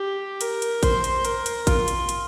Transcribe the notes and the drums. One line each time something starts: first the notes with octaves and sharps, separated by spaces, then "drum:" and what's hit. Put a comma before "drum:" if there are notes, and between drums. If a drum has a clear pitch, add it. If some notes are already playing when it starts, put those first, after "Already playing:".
Already playing: G4
A#4, drum: hi-hat
drum: hi-hat
C5, drum: kick A1, hi-hat
drum: hi-hat
A#4, drum: hi-hat
drum: hi-hat
F4, drum: kick A1, hi-hat
drum: hi-hat
drum: hi-hat